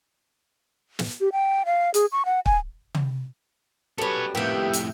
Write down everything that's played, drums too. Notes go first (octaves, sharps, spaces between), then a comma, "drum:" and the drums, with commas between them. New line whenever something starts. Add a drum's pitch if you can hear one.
drum: snare
G4
G5
F5
G#4, drum: hi-hat
C#6
F#5
G#5, drum: kick
drum: tom
F#2 G3 B3 A4 B4 C#5
F2 A2 A#3 B3 G4 E5 G5
drum: hi-hat